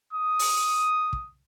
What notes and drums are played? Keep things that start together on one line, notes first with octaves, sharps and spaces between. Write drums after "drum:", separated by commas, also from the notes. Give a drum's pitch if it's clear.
D#6
drum: open hi-hat
drum: kick